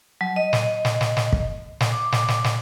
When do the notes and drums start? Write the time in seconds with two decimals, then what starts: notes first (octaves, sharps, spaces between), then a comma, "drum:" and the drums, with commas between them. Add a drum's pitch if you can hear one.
0.21 F#3
0.36 D#5
0.53 drum: snare
0.85 drum: snare
1.01 drum: snare
1.17 drum: snare
1.33 drum: kick
1.80 drum: snare
1.92 D6
2.12 drum: snare
2.28 drum: snare
2.44 drum: snare